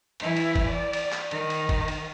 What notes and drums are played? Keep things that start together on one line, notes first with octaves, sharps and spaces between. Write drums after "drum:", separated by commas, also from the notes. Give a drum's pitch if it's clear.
E3 E4, drum: cymbal
drum: cymbal
drum: kick G1, cymbal
D5
drum: cymbal
drum: clap
D#3, drum: cymbal
drum: cymbal
drum: kick G1, cymbal
drum: cymbal